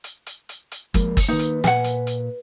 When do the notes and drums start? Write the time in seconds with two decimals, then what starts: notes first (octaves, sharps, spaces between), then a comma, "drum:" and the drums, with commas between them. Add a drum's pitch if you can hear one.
0.04 drum: hi-hat
0.27 drum: hi-hat
0.49 drum: hi-hat
0.72 drum: hi-hat
0.94 F3 G#3 A#3 A#4, drum: kick, hi-hat
1.17 drum: kick, open hi-hat
1.28 D#3 A#3 D#4 B4
1.39 drum: hi-hat
1.64 A#2 F#5 G#5, drum: snare
1.84 drum: hi-hat
2.07 drum: hi-hat